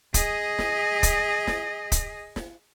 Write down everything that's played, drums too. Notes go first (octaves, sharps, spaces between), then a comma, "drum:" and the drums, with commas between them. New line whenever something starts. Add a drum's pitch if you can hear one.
G#4 D#5, drum: kick, hi-hat
drum: snare
drum: kick, hi-hat
drum: snare
drum: kick, hi-hat
drum: snare